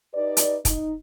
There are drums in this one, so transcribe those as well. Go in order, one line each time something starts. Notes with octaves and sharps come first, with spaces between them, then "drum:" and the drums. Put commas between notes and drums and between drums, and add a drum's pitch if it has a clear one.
D#4 G4 B4 D5
drum: hi-hat
D#4, drum: kick, hi-hat